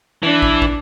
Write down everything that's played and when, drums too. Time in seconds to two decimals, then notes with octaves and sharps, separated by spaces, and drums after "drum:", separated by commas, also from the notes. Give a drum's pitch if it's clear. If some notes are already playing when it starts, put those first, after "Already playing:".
0.23 E3 D4
0.42 drum: kick
0.62 drum: kick